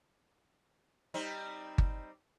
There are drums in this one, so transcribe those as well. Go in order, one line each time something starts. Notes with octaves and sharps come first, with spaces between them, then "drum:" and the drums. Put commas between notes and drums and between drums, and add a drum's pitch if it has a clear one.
G3 C4 D#4
drum: kick G1